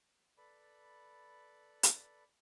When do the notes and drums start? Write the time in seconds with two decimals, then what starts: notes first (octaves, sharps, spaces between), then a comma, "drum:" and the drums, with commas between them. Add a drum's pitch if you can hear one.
0.38 A4 B4 D5 B5
1.83 drum: hi-hat